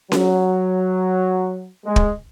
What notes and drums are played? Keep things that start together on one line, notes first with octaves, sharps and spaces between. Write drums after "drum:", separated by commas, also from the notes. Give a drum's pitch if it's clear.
F#3, drum: snare C#4
G#3
drum: kick